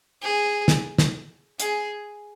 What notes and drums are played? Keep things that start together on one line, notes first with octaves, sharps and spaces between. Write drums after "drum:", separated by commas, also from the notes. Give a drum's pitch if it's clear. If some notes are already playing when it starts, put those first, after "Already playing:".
G#4
drum: snare
drum: snare
G#4, drum: hi-hat